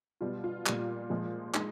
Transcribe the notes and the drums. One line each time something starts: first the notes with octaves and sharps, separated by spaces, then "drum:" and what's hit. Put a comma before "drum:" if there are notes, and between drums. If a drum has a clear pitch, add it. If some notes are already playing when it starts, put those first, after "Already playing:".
B2 G3 F4
F4
A#2 G3, drum: clap
A#2 F3 G#3
G#3 D#4, drum: clap